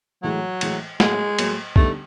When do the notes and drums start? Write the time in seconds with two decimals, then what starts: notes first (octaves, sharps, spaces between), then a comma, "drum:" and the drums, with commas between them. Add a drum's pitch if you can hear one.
0.23 A2 E3 F#3 G#3
0.61 A2 E3 G#3, drum: cymbal
1.00 A2 F#3 G#3 A#3, drum: snare
1.39 A2 F#3 A#3, drum: cymbal
1.76 D3 G3 A3 B3 D#4, drum: kick B1